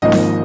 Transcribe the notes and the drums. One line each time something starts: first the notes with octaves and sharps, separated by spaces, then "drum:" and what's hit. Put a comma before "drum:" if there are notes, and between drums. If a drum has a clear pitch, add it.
G#1 G#2 F3 A#3 D#5
drum: snare C4